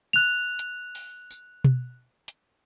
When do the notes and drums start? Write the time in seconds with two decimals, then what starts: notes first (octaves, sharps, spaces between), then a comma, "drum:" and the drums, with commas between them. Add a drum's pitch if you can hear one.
0.13 F#6 F7
0.59 drum: hi-hat
0.95 drum: open hi-hat
1.31 drum: tambourine
1.64 drum: tom B2
2.28 drum: hi-hat